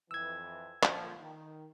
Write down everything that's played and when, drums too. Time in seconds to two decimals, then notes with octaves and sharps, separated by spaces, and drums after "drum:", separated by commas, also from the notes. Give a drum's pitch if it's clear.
0.11 F2 E3 E6 G#6
0.83 A#2 D3 F3, drum: clap
1.21 D#3